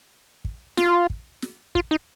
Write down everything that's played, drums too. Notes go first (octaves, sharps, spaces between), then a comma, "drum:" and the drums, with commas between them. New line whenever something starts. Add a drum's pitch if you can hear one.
drum: kick
F4, drum: snare
drum: kick
drum: snare
F4, drum: kick
D#4